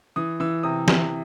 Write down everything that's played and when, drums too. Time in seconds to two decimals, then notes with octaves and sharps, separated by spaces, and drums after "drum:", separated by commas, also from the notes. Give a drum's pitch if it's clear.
0.16 E3 D#6
0.40 E3 E6
0.63 C3 D#6
0.88 C3, drum: snare